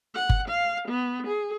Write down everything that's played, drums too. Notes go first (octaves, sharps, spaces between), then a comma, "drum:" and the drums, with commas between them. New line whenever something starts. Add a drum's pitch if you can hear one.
F#5
drum: kick G1
F5
B3
G#4